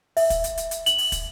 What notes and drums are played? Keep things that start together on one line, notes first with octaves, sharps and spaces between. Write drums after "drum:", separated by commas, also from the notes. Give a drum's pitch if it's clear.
E5, drum: open hi-hat
drum: kick, hi-hat
drum: hi-hat
drum: hi-hat
drum: hi-hat
F#7, drum: hi-hat
drum: open hi-hat
drum: kick, hi-hat